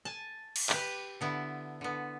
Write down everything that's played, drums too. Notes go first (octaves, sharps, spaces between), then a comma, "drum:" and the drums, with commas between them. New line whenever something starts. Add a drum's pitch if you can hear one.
G#5 A5
drum: cymbal
G4 B4, drum: clap
D3 B3 E4
D3 B3